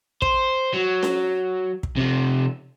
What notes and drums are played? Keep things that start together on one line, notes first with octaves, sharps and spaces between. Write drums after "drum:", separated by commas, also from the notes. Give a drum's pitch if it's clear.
C5, drum: kick
F#3
drum: snare C#4
drum: kick
C3 F3